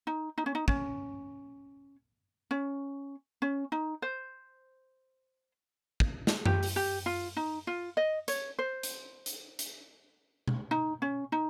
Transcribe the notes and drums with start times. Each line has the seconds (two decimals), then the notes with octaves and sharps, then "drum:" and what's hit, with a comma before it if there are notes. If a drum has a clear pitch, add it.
0.07 D#4
0.38 D#4
0.46 C#4
0.55 D#4
0.68 C#4, drum: kick
2.51 C#4
3.42 C#4
3.72 D#4
4.02 C5
6.00 drum: kick
6.27 drum: snare
6.46 G4, drum: tom F#2
6.63 drum: open hi-hat
6.76 G4
7.06 F4
7.36 D#4
7.67 F4
7.97 D#5
8.28 C#5, drum: hi-hat
8.59 C5
8.83 drum: hi-hat
9.26 drum: hi-hat
9.59 drum: hi-hat
10.48 drum: tom B2
10.71 D#4
11.02 C#4
11.32 D#4